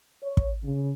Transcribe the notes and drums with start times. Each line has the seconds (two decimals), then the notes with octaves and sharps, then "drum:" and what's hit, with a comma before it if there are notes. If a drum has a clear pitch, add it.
0.22 C#5
0.37 drum: kick
0.64 C#3